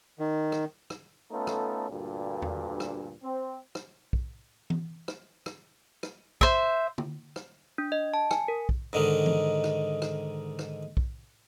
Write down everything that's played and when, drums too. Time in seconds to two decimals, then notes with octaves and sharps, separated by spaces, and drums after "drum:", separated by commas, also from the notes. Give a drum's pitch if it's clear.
0.19 D#3
0.52 drum: rim click
0.90 drum: rim click
1.31 A3 B3 C#4 D#4 F4 A4
1.47 drum: rim click
1.90 D2 G2 A#2
2.42 drum: tom E2
2.80 drum: rim click
3.23 C4
3.75 drum: rim click
4.13 drum: kick
4.70 drum: tom E3
5.08 drum: rim click
5.46 drum: rim click
6.03 drum: rim click
6.41 C5 E5, drum: kick
6.98 drum: tom
7.36 drum: rim click
7.78 D4
7.92 D#5
8.14 A5
8.31 G#5, drum: rim click
8.48 A#4
8.69 drum: kick
8.93 G#2 D3 D#3
9.26 drum: tom E3
9.64 drum: rim click
10.02 drum: rim click
10.59 drum: rim click
10.97 drum: kick